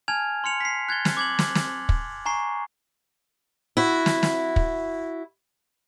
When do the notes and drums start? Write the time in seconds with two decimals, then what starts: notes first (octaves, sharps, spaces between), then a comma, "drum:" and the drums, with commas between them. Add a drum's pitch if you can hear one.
0.08 G#5 A5 F6 G#6 F7
0.44 C6 F6 C#7 F7
0.60 B6 C7
0.89 F#6 G#6 A6 G7
1.05 drum: snare
1.17 D6 G#6 F#7
1.39 drum: snare
1.55 drum: snare
1.89 drum: kick
2.25 G#5 A#5 C#6 C7
3.77 E4 F#4
4.06 drum: snare
4.23 drum: snare
4.56 drum: kick